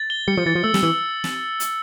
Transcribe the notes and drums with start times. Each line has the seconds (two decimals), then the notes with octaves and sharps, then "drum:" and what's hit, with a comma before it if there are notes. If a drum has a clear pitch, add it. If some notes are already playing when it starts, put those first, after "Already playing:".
Already playing: A6
0.10 G7
0.28 G3 C#7
0.37 F3
0.46 E3 A6
0.55 F3
0.64 A3 E6
0.74 G3, drum: snare
0.83 E3 E6
1.24 drum: snare
1.60 drum: hi-hat